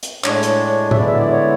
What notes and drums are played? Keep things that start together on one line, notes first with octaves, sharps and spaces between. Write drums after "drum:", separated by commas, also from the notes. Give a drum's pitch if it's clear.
drum: hi-hat
A2 G#3 D4 C#5, drum: clap
drum: hi-hat
E5, drum: tom A2
D3 G#3 B3 E4 D5
E5
D5
C#5